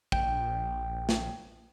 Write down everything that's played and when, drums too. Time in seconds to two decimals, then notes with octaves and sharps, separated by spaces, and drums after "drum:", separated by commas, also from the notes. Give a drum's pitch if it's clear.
0.12 A#1 G5, drum: kick
1.09 drum: snare